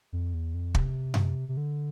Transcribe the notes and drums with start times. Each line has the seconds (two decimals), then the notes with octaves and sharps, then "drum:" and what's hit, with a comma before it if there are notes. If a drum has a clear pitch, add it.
0.13 F2
0.34 E2
0.54 F2
0.75 C3, drum: kick
1.14 drum: tom F#2
1.49 C3
1.57 D3